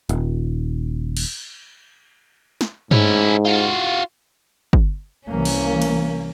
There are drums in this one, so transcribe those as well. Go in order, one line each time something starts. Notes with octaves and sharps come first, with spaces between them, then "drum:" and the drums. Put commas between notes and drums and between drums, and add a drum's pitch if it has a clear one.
D#1, drum: hi-hat
drum: cymbal
drum: snare
G#2 C#4 E4, drum: tom G2
F4 F#4
drum: kick
C2 E3 A#3 C#4
drum: cymbal
drum: cymbal